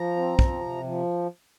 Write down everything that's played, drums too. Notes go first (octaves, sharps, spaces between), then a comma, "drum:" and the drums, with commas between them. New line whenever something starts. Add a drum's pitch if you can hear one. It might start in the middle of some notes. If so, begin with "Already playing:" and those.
Already playing: F3 A#5
C4
F3, drum: kick
C3
F3